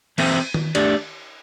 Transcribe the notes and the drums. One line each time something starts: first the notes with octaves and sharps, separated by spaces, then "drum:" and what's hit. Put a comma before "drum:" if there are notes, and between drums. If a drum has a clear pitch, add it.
E3 C4 A4 C5 E5, drum: cymbal
drum: tom D#3
A3 D4 G4 D5, drum: cymbal